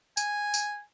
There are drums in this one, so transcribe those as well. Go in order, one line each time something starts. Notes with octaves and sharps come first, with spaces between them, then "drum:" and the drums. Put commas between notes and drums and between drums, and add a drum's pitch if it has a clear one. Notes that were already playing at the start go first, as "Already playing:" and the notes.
G#5, drum: tambourine
drum: tambourine